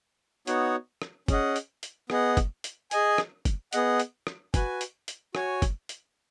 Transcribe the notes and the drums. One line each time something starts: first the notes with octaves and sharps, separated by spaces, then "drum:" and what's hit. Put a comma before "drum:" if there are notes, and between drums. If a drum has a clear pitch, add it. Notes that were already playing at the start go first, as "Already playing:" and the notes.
B3 D#4 F#4 C#5 F#5, drum: hi-hat
drum: rim click
C#4 G#4 D#5 F#5, drum: kick, hi-hat
drum: hi-hat
drum: hi-hat
B3 G#4 D#5 F#5, drum: rim click
drum: kick, hi-hat
drum: hi-hat
G#4 D#5 G#5, drum: hi-hat
drum: rim click
drum: kick, hi-hat
B3 G#4 D#5 F#5, drum: hi-hat
drum: hi-hat
drum: rim click
F#4 B4 G#5, drum: kick, hi-hat
drum: hi-hat
drum: hi-hat
F#4 C#5 G#5, drum: rim click
drum: kick, hi-hat
drum: hi-hat